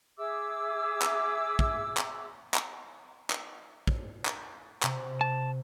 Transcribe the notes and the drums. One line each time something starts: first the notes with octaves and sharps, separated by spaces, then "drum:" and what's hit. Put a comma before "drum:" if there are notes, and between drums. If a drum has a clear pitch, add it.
G#4 E5 D6 E6
drum: clap
drum: kick
drum: clap
drum: clap
drum: clap
drum: kick
drum: clap
C3, drum: clap
A5